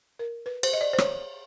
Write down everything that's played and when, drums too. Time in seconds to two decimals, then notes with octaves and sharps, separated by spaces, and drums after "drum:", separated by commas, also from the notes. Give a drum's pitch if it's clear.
0.19 A#4
0.46 B4
0.63 C5, drum: cymbal
0.73 D#5
0.81 D5
0.93 C5
0.98 C#5, drum: rim click